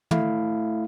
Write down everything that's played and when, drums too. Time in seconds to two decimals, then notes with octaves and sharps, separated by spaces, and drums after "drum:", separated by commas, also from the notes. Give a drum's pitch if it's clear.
0.11 A3 E4 F5, drum: tom